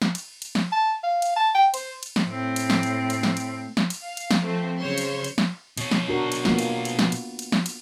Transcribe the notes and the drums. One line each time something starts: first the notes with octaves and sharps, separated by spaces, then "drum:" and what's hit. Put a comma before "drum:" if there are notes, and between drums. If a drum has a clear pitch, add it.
drum: snare
drum: cymbal
drum: cymbal
drum: snare
A5
F5
drum: cymbal
A5
G5
C5, drum: cymbal
drum: cymbal
drum: snare
A2 C4
drum: cymbal
drum: snare
drum: cymbal
drum: cymbal
drum: snare
drum: cymbal
drum: snare
drum: cymbal
F5
drum: cymbal
drum: snare
F3 A3 C4
C#3 F#3 C5 C#5 C6 C#6
drum: cymbal
drum: cymbal
drum: snare
B2 C#5, drum: cymbal
drum: snare
D4 F#4 A#4
drum: cymbal
A#3 B3 F4, drum: snare
drum: cymbal
drum: cymbal
drum: snare
drum: cymbal
drum: cymbal
drum: snare
drum: cymbal